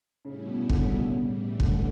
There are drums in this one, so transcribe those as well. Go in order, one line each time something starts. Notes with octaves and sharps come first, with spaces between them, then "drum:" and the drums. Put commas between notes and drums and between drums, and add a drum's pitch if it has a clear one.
A2 C#3 G3 C#4 E4
B2
D3, drum: kick
C#3
B2
C#3
A2 E3 G3
D3, drum: kick
C#3
D3